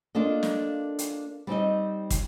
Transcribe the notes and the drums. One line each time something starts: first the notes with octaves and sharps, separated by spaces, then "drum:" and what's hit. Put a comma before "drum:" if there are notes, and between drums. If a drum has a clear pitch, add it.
A#3 D4 F4 A4 D#5
drum: snare
drum: hi-hat
G3 C4 D#4 D#5
drum: kick, hi-hat